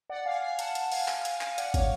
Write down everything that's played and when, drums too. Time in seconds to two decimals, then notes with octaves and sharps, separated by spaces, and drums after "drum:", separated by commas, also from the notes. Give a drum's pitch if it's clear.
0.10 D5 F#5
0.26 F5 G#5
0.42 F5 G#5
0.59 F#5 A5, drum: hi-hat
0.75 drum: hi-hat
0.92 F5 G#5, drum: open hi-hat
1.08 drum: clap
1.25 F5 G#5, drum: hi-hat
1.41 F5 G#5, drum: clap
1.58 D5 F#5, drum: hi-hat
1.74 C#5 F5, drum: kick, hi-hat